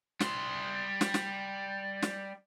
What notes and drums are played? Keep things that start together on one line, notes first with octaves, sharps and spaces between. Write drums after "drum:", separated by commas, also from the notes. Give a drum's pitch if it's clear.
G3 C6, drum: snare
drum: snare
drum: snare
drum: snare